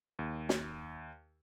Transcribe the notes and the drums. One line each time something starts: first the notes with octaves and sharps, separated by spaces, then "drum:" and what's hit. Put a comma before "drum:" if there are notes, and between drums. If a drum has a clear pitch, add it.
D#2
drum: snare